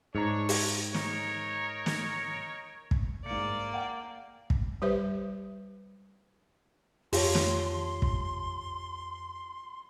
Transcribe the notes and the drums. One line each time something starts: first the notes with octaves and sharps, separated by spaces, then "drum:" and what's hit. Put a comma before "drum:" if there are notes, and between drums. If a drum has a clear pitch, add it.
G#2 D4 C#5 A#5
drum: open hi-hat
D#4 A#4 C#5, drum: snare
drum: snare
drum: kick
G#2 A#3 D5 C#7
F#5 G5
drum: kick
G3 G4 B4 C5 E5
F2 F4 G4 C#5 A5 C6, drum: open hi-hat
drum: snare
drum: kick